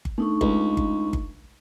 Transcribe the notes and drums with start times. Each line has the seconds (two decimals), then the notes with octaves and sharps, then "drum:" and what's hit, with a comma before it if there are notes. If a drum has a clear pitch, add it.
0.05 drum: kick G1
0.18 A3 D4 D#4 C#6
0.41 C#2, drum: kick G1
0.77 drum: kick G1
1.13 drum: kick G1